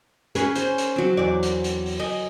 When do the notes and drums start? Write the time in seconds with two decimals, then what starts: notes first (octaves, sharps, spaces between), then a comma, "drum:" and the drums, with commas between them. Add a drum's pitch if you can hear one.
0.35 C#4 G#4 B4, drum: hi-hat
0.55 C5, drum: hi-hat
0.78 drum: hi-hat
0.96 F#3 C4
1.17 E2 D5
1.43 drum: hi-hat
1.64 drum: hi-hat
1.86 drum: open hi-hat
1.99 D#5 G#5